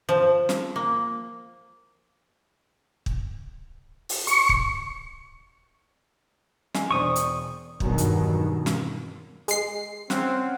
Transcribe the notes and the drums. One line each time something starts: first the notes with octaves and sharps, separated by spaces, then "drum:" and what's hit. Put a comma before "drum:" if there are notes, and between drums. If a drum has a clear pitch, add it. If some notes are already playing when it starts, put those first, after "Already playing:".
F3
drum: snare
A#3
drum: kick
drum: open hi-hat
C#6, drum: hi-hat
drum: kick
D#5 G#5 C7, drum: snare
E1 C5 D5 C#6 D#6
drum: hi-hat
E2 G2 B2 D#3 F#3, drum: kick
drum: hi-hat
drum: snare
G#3 C7, drum: hi-hat
C#3 C4 F5 F#5, drum: snare